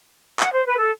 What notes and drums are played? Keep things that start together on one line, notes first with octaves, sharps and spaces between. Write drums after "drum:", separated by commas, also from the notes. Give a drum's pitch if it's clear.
F#5, drum: clap
C5
B4
A4